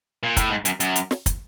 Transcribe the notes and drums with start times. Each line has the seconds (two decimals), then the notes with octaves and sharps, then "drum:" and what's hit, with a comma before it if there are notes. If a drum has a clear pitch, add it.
0.23 A#2
0.37 A2, drum: kick, hi-hat
0.50 G#2
0.65 F#2, drum: hi-hat
0.80 F#2, drum: hi-hat
0.96 drum: hi-hat
1.11 drum: snare
1.26 drum: kick, hi-hat